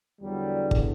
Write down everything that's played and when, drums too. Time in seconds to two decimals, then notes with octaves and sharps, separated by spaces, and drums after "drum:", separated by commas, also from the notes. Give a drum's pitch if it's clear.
0.20 E2 D3 F#3 G3
0.71 drum: kick